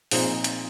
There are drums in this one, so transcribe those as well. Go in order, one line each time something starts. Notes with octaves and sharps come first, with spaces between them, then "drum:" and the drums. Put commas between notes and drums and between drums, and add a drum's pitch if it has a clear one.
A#2 F3 C4 D#4 G#4, drum: open hi-hat
drum: hi-hat